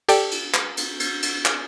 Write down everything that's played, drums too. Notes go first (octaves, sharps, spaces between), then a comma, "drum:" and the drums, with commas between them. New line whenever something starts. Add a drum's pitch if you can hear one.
G4 A4 D5 G5 A5, drum: cymbal
drum: cymbal
drum: clap
drum: cymbal
drum: cymbal
drum: cymbal
drum: clap